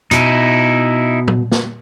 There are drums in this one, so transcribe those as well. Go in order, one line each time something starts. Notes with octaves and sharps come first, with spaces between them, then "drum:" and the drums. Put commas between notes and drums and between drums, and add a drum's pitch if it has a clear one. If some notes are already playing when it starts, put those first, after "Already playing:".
B2 D#4 E4, drum: hi-hat
drum: tom
drum: snare